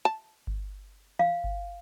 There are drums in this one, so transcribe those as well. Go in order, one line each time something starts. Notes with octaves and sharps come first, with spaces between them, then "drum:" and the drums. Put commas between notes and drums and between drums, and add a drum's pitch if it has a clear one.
A5
drum: kick G1
F5, drum: tom E3
drum: kick G1